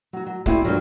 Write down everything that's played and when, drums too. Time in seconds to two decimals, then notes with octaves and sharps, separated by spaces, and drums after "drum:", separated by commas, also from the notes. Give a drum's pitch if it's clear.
0.13 F#3 F#4
0.26 F#3
0.46 C4 E4 F#4 G#4 D5, drum: kick C#1
0.64 G2 B2 D3 F3 F#3